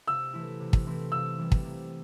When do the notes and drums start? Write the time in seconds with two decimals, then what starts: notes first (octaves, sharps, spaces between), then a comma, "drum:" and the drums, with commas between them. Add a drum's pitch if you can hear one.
0.07 C3 E6
0.33 E3 A3 C4 E4
0.60 C3
0.73 drum: kick
0.86 E3 A3 C4 E4
1.12 C3 E6
1.39 E3 G3
1.52 drum: kick
1.65 C3